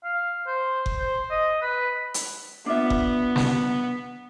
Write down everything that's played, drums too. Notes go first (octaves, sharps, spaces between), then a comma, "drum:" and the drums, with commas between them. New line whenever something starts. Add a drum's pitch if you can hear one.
F5
C5
drum: kick F#1
C5
D#5
B4
drum: hi-hat
B3 D4 F4 E5
drum: kick F#1
drum: snare